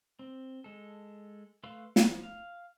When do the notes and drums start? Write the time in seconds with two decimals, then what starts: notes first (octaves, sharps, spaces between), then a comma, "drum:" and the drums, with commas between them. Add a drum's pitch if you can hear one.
0.19 C4
0.64 G#3 A4
1.64 A3 B4 F5 C6 E6
1.96 F3, drum: snare
2.23 F5